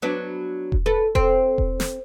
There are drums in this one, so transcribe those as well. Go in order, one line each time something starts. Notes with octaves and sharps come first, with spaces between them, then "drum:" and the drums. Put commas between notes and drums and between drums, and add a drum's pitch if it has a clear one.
F#3 B3 D4
drum: kick E1
A4 B4
C4, drum: kick E1
drum: kick E1
drum: snare